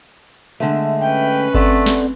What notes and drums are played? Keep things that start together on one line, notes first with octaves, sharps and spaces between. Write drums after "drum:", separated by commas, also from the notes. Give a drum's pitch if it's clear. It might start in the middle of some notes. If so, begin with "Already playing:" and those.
D3 G#3 A3 E5
C#4 B4 G5
A3 C4 A4 D5 F#5, drum: kick G1
drum: snare